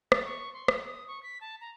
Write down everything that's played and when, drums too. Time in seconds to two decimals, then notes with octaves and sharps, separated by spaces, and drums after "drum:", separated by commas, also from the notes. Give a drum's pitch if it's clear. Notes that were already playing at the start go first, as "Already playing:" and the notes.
0.12 A6, drum: rim click
0.25 C#6
0.54 C6
0.68 drum: rim click
0.85 D#6
1.08 C#6
1.23 B6
1.41 A5
1.61 A#5